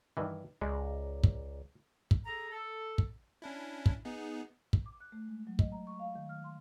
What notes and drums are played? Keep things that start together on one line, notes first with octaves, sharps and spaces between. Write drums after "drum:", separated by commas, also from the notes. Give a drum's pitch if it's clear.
G2 D#3 E3
C#2 G#3 G#4 D5 A#5
drum: kick
drum: kick
G#4 A4 A#5
A4
drum: kick
C#4 D4 E4
drum: kick
B3 D#4 G#4
drum: kick
D6
F#6
A3
G#3
F#3
D#5, drum: kick
A#5
C#6
F5
D#3
F6
C6